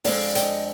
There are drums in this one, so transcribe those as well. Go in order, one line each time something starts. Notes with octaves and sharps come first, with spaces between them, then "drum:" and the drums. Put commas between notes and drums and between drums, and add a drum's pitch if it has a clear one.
F2 D3 G#3 C4 D5 F5, drum: open hi-hat
D#5 G5, drum: hi-hat